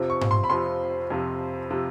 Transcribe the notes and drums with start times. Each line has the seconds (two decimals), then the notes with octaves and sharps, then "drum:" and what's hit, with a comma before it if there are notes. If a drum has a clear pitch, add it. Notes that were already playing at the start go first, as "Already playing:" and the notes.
Already playing: F2 C3 F3
0.10 C#6
0.21 drum: tom G#2
0.31 C6
0.44 B5
0.50 F2 C3 F3 C6
1.10 F2 C3 F3
1.70 C3 F3